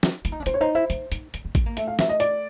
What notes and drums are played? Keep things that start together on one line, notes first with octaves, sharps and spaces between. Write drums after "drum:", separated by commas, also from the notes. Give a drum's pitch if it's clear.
drum: snare
E4, drum: hi-hat
D#4
D4
C#4 C5, drum: hi-hat
C#5
D#4 C5
E4 C5
D#4, drum: hi-hat
D#4, drum: hi-hat
C#4, drum: hi-hat
C4
C4, drum: kick A1, hi-hat
A#3
A3 E5, drum: hi-hat
F5
E5, drum: snare
D#5
D5, drum: hi-hat